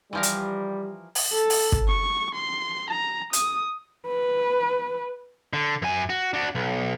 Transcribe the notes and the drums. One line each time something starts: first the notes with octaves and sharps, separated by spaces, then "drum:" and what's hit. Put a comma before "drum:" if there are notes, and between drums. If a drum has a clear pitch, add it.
E3 F3 G3 A#4
drum: hi-hat
drum: open hi-hat
A4
drum: open hi-hat
drum: kick
C#6
C6
A#5
D#6, drum: hi-hat
B4
D3
F#2 G#5
F#4
D4 F#4
B1